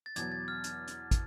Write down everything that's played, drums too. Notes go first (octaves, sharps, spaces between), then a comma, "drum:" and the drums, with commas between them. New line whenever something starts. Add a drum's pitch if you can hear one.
A6
E2 B2 F#3 G#6, drum: hi-hat
A6
F6
drum: hi-hat
drum: hi-hat
drum: kick, hi-hat